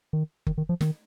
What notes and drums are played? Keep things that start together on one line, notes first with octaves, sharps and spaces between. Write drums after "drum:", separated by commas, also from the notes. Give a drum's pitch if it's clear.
D#3
D#3, drum: kick F#1
D#3
F3
D#3, drum: snare